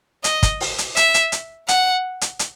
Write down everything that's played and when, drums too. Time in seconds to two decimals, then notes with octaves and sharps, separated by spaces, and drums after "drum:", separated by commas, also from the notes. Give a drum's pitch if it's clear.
0.24 D#5, drum: hi-hat
0.43 drum: kick, hi-hat
0.60 drum: open hi-hat
0.78 drum: hi-hat
0.96 E5, drum: hi-hat
1.14 drum: hi-hat
1.32 drum: hi-hat
1.68 F#5, drum: hi-hat
2.21 drum: hi-hat
2.39 drum: hi-hat